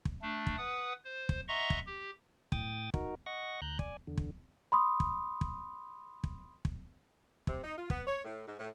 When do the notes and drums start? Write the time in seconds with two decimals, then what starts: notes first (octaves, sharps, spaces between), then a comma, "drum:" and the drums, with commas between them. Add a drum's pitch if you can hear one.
0.05 drum: kick
0.22 A3 D4
0.47 drum: kick
0.58 B4 F#5 D#6
1.04 C5
1.29 drum: kick
1.48 D#5 E5 F#5 A#5 C6 C#6
1.70 drum: kick
1.86 G4
2.52 A2 G5 D#6 A6, drum: kick
2.94 D#4 F#4 A#4, drum: kick
3.26 D#5 F#5 C#6 A#6
3.62 D2 A#5 F#6 G6
3.79 D5 G#5, drum: kick
4.07 E2 D3
4.18 drum: kick
4.72 B5 C6 D#6
5.00 drum: kick
5.41 drum: kick
6.24 drum: kick
6.65 drum: kick
7.47 C3, drum: kick
7.63 D#4
7.77 F4
7.90 B3, drum: kick
8.06 C#5
8.25 A2
8.46 G#2
8.59 A2